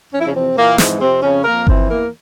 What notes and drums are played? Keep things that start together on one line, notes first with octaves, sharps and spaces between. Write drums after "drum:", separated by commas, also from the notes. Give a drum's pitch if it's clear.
F2 C#4
E4
C#3 C#4
C3 E3 C4
A#2 E3 A#3
F2 G#2 G#3, drum: snare
F2 C3 C4
F2 C#3 C#4
F2 A#3 A#4
E3 C4 C5, drum: kick G1
E2 A#3 A#4